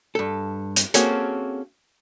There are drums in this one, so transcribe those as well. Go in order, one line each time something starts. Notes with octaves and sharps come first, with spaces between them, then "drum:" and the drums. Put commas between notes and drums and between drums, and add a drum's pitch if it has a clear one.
G2 A4
drum: hi-hat
A#3 C4 C#4 F#4 G#4 A4, drum: hi-hat